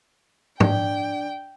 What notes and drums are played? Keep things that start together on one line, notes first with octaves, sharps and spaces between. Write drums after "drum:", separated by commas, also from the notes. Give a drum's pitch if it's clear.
D4 D5 G5, drum: tom G#2